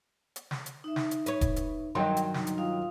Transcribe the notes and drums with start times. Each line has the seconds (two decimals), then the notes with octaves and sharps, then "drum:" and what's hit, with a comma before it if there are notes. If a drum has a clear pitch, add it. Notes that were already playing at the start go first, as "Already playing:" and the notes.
0.36 drum: hi-hat
0.51 drum: snare
0.66 drum: hi-hat
0.84 D#4 E5
0.96 drum: snare
1.11 drum: hi-hat
1.26 B4 C#5, drum: hi-hat
1.41 drum: kick E1, hi-hat
1.56 drum: hi-hat
1.95 G2 D#3 F#3 D#5 G5 C6
2.17 drum: hi-hat
2.34 D#4, drum: snare
2.47 drum: hi-hat
2.58 F4 F5 D#6